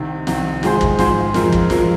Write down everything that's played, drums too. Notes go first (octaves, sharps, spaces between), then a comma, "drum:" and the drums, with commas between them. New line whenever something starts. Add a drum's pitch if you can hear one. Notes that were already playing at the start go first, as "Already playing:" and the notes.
Already playing: C2 C3 D#3
C2 C3 D#3, drum: snare
G#2 G#3 F4 G#4 C5, drum: snare
drum: kick
G#2 G#3 F4 G#4 C5, drum: snare
F2 F3 G#3 F4 A#4, drum: snare
drum: kick
F2 F3 G#3 F4 A#4, drum: snare